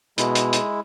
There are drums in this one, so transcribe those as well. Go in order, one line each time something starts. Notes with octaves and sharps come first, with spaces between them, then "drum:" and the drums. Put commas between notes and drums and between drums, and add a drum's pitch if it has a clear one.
B2 G#3 E4, drum: hi-hat
drum: hi-hat
drum: hi-hat